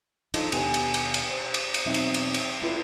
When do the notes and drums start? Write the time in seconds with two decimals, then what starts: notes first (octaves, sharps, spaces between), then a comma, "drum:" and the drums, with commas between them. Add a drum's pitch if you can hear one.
0.34 F3 D4 D#4 F4 A4 D#5, drum: cymbal
0.52 D#2 B2 B3 G4 G#5, drum: cymbal
0.74 drum: cymbal
0.94 drum: cymbal
1.14 drum: cymbal
1.29 C5
1.54 drum: cymbal
1.74 drum: cymbal
1.85 E2 B2 F#3 C4 D#4 E5
1.94 drum: cymbal
2.14 drum: cymbal
2.34 drum: cymbal
2.62 E4 F4 A4 B4